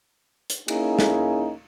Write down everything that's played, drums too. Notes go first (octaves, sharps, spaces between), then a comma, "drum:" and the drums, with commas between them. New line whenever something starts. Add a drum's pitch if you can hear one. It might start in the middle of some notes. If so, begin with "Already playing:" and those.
drum: hi-hat
A#3 C#4 D#4 E4 G#4, drum: cymbal
drum: snare